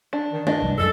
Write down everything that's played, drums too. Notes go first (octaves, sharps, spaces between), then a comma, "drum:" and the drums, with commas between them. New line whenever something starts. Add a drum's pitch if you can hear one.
D4
D#3
G2 D4 D#5, drum: tom G#3
C2 F3 G3
F#2 G#3 A4